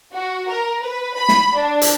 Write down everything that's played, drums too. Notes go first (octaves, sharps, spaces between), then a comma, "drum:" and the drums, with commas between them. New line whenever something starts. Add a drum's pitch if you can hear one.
F#4
A#4
B4
B5
drum: snare
D4
drum: hi-hat